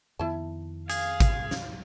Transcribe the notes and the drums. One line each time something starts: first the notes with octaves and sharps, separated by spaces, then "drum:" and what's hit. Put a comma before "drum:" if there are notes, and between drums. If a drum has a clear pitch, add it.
F2 D#3 B3 E4 A5
G#4 F5, drum: hi-hat
drum: kick G#1, hi-hat
drum: snare